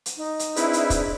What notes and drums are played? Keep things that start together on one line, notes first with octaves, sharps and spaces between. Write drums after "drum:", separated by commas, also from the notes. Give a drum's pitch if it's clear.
drum: hi-hat
D#4
drum: hi-hat
C4 D4 E4 G#4 B4 D5, drum: hi-hat
drum: hi-hat
drum: kick, hi-hat